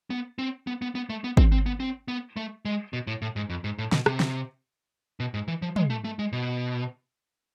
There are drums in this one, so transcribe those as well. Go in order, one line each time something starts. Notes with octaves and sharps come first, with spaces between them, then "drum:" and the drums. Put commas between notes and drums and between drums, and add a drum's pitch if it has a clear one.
B3
C4
B3
B3
B3
A3
B3
C4, drum: kick
C4
B3
C4
B3
A3
G#3
B2
A2
A2
G#2
F2
G#2
A2
B2, drum: snare
C3, drum: rim click
drum: snare
B2
G#2
E3
F3
G#3, drum: tom
A3
A3
G#3
B2